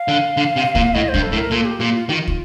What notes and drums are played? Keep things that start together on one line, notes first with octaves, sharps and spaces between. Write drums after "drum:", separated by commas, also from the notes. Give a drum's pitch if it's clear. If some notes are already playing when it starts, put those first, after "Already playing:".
Already playing: F5
D3
D3
C3
A#2, drum: kick
A2 D#5
C5
G2, drum: kick
A4
A2
A#4
A#2 A4
G4
A#2 F4
F4
D#3 F4 G4
drum: kick